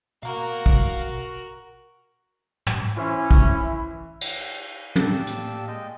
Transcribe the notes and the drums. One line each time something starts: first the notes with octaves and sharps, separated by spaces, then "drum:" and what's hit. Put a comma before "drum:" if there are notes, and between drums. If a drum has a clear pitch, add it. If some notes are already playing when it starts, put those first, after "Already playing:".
B2 F#4 A#4 F5 A#5
drum: kick
drum: tom
E3 C#4 E4 C5
drum: kick
drum: cymbal
A2 G4 D5 A5 E6, drum: tom
A#3, drum: hi-hat
G#3 D#5 G5